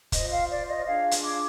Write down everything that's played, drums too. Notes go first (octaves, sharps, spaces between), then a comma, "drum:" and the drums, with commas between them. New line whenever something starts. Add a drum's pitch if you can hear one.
F4 C5 D#5, drum: kick, hi-hat
F5
D5
D#5
D4 F4 G#4 F5
drum: hi-hat
D6